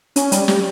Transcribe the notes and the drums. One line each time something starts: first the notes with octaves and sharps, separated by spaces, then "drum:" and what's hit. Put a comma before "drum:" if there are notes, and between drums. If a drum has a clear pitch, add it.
C#4, drum: hi-hat
G3, drum: hi-hat
G3, drum: snare